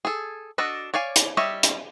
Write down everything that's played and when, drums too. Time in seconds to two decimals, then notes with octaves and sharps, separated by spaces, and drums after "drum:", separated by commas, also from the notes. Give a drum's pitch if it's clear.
0.05 G#4 A4
0.58 D4 F#4 A4 D#5
0.94 C#5 D5 F5 G#5
1.16 drum: hi-hat
1.37 G3 C#5 D#5 E5
1.63 drum: hi-hat